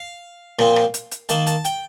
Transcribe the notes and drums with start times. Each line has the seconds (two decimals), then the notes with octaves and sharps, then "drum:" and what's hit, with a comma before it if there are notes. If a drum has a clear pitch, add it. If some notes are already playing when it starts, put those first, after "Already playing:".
Already playing: F5
0.59 A#2 F3 C4, drum: rim click
0.76 drum: rim click
0.94 drum: hi-hat
1.11 drum: hi-hat
1.29 D#3 A#3 A5, drum: hi-hat
1.47 A5, drum: hi-hat
1.65 G5, drum: hi-hat